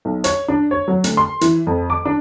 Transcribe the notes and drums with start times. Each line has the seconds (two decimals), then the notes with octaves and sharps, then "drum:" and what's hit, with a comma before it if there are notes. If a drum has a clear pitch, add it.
0.05 B1
0.24 C#5, drum: hi-hat
0.48 D4
0.71 C#5
0.88 F#3
1.04 D2, drum: hi-hat
1.17 C6
1.41 E3, drum: hi-hat
1.67 F2
1.90 D6
2.05 D4